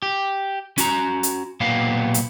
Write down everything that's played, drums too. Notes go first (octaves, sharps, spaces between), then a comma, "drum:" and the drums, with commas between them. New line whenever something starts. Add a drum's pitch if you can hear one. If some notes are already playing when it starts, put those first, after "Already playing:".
G4
C#4 F#4 A#5, drum: hi-hat
drum: hi-hat
B1 A#2 B3 G4 F5
drum: hi-hat